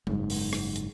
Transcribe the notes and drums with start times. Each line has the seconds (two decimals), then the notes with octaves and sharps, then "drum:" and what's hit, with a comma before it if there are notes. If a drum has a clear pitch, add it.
0.07 F#1 G#2, drum: tom G3
0.30 drum: open hi-hat
0.53 drum: rim click
0.76 drum: hi-hat